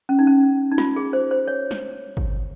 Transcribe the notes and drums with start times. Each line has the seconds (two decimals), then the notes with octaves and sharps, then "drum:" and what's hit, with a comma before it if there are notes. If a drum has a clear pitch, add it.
0.09 C#4
0.19 D#4
0.27 C#4
0.72 D#4
0.78 F4, drum: snare
0.96 G#4
1.13 C5
1.31 C5
1.48 C#5
1.71 drum: snare
2.17 drum: kick